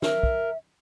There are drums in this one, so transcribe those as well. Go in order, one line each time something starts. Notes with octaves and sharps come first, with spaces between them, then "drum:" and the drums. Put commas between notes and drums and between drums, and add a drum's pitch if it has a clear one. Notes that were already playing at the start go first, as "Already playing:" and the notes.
A#4 E5, drum: snare
drum: kick